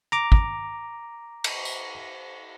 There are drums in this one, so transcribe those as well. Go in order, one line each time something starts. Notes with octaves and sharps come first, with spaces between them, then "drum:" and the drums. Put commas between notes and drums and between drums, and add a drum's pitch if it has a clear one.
A#5 D6
drum: kick
drum: cymbal
drum: tambourine